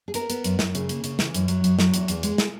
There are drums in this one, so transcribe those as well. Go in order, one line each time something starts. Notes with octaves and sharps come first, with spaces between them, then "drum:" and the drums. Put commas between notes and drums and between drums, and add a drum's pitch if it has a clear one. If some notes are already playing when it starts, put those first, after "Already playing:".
G#4
B3 A#4, drum: hi-hat
B3, drum: hi-hat
F#2, drum: hi-hat
F#2, drum: snare
C#3, drum: hi-hat
A#3, drum: hi-hat
C#3, drum: hi-hat
E3, drum: snare
F#2, drum: hi-hat
F#3, drum: hi-hat
F#2, drum: hi-hat
F#3, drum: snare
E2, drum: hi-hat
E2, drum: hi-hat
G#3, drum: hi-hat
drum: snare